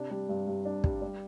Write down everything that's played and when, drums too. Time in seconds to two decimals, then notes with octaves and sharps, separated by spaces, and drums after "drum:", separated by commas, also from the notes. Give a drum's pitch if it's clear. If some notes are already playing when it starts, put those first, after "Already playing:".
Already playing: C3 D4
0.10 G3
0.29 G2
0.47 G2
0.65 D4
0.84 G3, drum: kick
1.02 G3